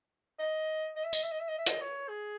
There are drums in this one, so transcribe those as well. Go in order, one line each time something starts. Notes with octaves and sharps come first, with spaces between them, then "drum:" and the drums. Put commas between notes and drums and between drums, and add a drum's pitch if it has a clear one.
D#5
D#5
E5
D#5, drum: tambourine
E5
D#5
E5
D#5
E5
D#5, drum: hi-hat
C#5
G#4